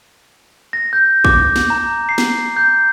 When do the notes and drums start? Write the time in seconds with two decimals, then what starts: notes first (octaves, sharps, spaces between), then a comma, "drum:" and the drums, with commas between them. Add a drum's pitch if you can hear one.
0.73 A#6
0.93 G6
1.24 D6, drum: kick
1.56 drum: snare
1.70 A#5
2.09 C7
2.18 drum: snare
2.57 G6